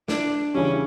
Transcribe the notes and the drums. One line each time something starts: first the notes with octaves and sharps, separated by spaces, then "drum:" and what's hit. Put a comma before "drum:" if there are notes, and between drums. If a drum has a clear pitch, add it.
D4, drum: snare
C#3 E3 G3 C#4